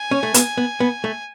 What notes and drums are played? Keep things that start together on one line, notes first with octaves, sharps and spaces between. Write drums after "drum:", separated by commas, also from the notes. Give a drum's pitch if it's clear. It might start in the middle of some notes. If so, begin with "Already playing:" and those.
Already playing: G#5
C#4
A3
B3, drum: hi-hat
B3
B3
A3